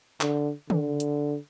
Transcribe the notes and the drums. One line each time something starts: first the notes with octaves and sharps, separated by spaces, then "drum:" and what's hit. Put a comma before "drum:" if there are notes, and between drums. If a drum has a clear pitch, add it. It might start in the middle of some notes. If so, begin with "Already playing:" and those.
D3, drum: clap
D3, drum: tom
drum: hi-hat